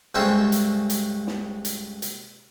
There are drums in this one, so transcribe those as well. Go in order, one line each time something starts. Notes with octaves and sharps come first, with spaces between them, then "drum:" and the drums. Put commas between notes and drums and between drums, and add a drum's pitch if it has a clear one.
C#2 G2 A3 C4 C#4 C5
drum: hi-hat
drum: hi-hat
drum: snare
drum: hi-hat
drum: hi-hat